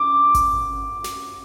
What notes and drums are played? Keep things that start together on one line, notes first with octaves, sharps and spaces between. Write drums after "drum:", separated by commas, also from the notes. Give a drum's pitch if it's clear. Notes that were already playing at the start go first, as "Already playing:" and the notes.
Already playing: D6
drum: kick G#1, hi-hat
drum: snare